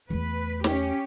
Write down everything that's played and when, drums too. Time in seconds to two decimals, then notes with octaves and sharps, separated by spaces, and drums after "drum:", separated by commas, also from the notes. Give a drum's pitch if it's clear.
0.10 E2 A3 B4
0.64 C#4 G4, drum: snare